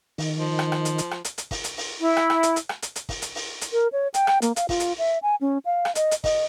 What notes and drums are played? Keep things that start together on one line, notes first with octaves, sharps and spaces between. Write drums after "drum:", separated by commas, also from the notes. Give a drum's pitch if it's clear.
D#3, drum: open hi-hat
F3
drum: rim click
drum: rim click
drum: hi-hat
drum: hi-hat
drum: rim click
drum: hi-hat
drum: hi-hat
drum: kick, open hi-hat
drum: hi-hat
drum: open hi-hat
E4
drum: rim click
drum: rim click
drum: hi-hat
drum: hi-hat
drum: rim click
drum: hi-hat
drum: hi-hat
drum: kick, open hi-hat
drum: hi-hat
drum: open hi-hat
drum: hi-hat
A#4
C#5
G5, drum: hi-hat
drum: rim click
A#3, drum: hi-hat
F5, drum: hi-hat
F4, drum: kick, open hi-hat
drum: hi-hat
E5
G#5
C#4
F5
drum: rim click
D#5, drum: hi-hat
drum: hi-hat
D#5, drum: kick, open hi-hat